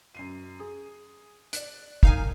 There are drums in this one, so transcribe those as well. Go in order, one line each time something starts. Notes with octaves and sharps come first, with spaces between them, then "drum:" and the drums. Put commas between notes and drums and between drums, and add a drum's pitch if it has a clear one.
F#2 C7 D#7
G#4
D5 F#6, drum: hi-hat
E1 D#4 F5 G#5, drum: kick